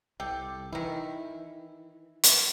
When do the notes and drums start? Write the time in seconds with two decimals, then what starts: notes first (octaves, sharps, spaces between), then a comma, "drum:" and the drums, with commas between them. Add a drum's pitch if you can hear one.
0.20 C2 G4 A4
0.73 D#3 E3 E4
2.23 drum: hi-hat